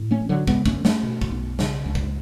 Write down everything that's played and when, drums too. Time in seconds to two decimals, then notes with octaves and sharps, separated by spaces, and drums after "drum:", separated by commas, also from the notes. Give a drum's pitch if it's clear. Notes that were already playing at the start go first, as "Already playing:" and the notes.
Already playing: A2
0.11 A3 C#4
0.20 A1
0.29 D3 F#3
0.47 C#3 G#3 B3, drum: kick
0.66 A3 C#4, drum: kick
0.75 D2
0.85 A3 C#4, drum: snare
1.03 B2
1.21 drum: kick
1.31 B1
1.59 C#3, drum: snare
1.86 C#2
1.95 drum: kick